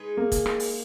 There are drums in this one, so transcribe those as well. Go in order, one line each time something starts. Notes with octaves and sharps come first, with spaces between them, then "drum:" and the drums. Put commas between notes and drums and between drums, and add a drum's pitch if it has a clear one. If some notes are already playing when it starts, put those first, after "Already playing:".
Already playing: G#3 D#4 G#4 B4
A#3
drum: kick, hi-hat
drum: rim click
drum: open hi-hat